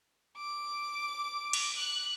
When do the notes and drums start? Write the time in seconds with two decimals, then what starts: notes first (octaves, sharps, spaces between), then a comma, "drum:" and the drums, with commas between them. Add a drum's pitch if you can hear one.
0.37 D6
1.53 drum: cymbal
1.78 F#6